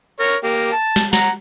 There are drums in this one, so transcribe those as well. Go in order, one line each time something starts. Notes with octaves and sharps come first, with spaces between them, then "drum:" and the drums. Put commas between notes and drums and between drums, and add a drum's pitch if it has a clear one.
A#4 C#5
A#3 G4
A5
drum: snare
F#5 A#5, drum: snare